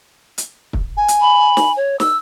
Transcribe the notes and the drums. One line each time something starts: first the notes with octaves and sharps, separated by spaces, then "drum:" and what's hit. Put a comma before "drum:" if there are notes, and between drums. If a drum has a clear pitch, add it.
drum: hi-hat
drum: kick
G#5
drum: hi-hat
B5
drum: snare
C#5
E6, drum: snare